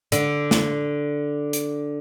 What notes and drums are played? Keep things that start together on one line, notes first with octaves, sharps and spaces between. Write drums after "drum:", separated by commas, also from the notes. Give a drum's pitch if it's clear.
D3, drum: hi-hat
drum: snare
drum: hi-hat